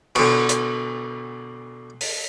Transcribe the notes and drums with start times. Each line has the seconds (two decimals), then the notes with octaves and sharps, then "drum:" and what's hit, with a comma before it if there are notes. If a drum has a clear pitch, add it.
0.15 B2 D3, drum: cymbal
0.49 drum: hi-hat
2.01 drum: open hi-hat